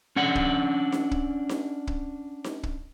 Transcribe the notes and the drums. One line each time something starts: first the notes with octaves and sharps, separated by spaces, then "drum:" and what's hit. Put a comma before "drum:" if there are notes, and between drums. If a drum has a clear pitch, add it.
C#4 D4 F#5
drum: kick
drum: snare D#4
drum: kick
drum: snare D#4
drum: kick
drum: snare D#4
drum: kick